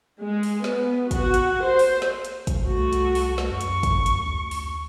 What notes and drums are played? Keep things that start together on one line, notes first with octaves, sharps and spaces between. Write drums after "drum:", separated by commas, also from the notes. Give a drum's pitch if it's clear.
G#3
drum: open hi-hat
B3, drum: snare
F#4, drum: kick, hi-hat
drum: hi-hat
C5
drum: open hi-hat
drum: snare
drum: hi-hat
drum: kick, hi-hat
C2 A3 F#4
drum: hi-hat
drum: open hi-hat
drum: snare
F#2 C#6
drum: hi-hat
drum: kick, hi-hat
drum: hi-hat
D2
drum: open hi-hat